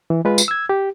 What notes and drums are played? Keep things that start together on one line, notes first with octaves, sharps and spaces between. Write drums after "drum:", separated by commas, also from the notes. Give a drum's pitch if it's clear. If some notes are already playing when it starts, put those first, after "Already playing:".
E3
G#3 F4 B4
drum: tambourine
E6 G#6
G4